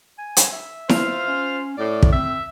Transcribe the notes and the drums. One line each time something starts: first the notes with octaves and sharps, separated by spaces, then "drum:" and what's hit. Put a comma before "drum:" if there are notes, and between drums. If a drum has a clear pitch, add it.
G#5
drum: hi-hat
E5
F4 C5 F5, drum: snare E4
C#4
A2 D5
drum: kick
C4 E5